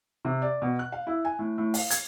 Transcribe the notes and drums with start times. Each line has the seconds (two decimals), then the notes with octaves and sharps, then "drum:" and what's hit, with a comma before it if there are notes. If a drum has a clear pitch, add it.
0.25 C3
0.42 D5
0.62 B2
0.79 F#6
0.92 F5
1.07 E4
1.25 G#5
1.39 A2
1.58 A2
1.74 F5, drum: open hi-hat
1.91 G#6, drum: hi-hat